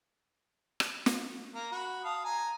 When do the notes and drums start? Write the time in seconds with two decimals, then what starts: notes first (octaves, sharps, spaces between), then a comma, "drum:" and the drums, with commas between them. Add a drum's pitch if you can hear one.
0.80 drum: rim click
1.06 drum: snare
1.55 A#3
1.72 F#4 B5
2.04 F5 A5 D#6
2.25 G#5 A#5